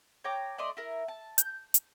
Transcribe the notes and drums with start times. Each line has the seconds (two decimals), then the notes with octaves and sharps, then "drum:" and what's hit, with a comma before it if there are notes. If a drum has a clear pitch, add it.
0.24 C#5 G5 A#5 D6
0.58 A3 D5 D#5 C6
0.77 E4 A#4
1.08 A5
1.38 G6, drum: hi-hat
1.74 drum: hi-hat